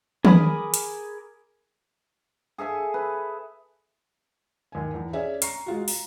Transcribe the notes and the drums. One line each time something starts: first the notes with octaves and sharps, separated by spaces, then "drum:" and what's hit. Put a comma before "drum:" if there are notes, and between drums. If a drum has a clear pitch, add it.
G#4 A#4 B5 D6 D#6, drum: tom D#3
drum: hi-hat
G#4 A4 E5 A5
B4
D#2 G#5
E2
C#4 G#4 D5 E5
A#5 C#6 C7, drum: hi-hat
G#3 F4 F#4
A#5, drum: open hi-hat